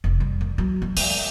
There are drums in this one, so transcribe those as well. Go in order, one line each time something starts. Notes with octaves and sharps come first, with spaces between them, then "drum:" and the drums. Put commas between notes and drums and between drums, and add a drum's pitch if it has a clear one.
F1
G3
D3
F#3
D2
G#3, drum: open hi-hat